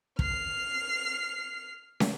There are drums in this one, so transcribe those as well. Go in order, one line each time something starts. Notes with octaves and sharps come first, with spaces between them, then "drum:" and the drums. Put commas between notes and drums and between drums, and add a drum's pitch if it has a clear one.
F6 C7, drum: kick
drum: snare